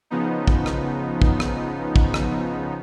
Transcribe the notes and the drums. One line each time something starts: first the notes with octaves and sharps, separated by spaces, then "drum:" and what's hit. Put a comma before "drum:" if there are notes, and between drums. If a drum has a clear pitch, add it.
C#3 F3 B3 D#4
drum: kick
drum: rim click
drum: kick
drum: rim click
drum: kick
drum: rim click